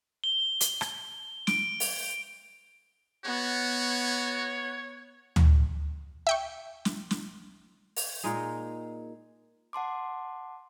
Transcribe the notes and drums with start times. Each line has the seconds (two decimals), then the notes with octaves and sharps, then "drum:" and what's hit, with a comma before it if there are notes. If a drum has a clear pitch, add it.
0.24 G7
0.61 drum: hi-hat
0.81 drum: rim click
1.47 D7, drum: snare
1.80 drum: open hi-hat
3.25 B3 F#4 C#5
5.36 drum: tom D2
6.27 E5 G5 C#6
6.85 drum: snare
7.11 drum: snare
7.97 drum: open hi-hat
8.24 A#2 G#3 D#4 G#4
9.73 F#5 A5 C6 D6